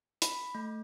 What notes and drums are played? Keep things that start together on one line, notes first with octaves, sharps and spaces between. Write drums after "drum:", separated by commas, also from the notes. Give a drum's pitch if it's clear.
B5, drum: hi-hat
A3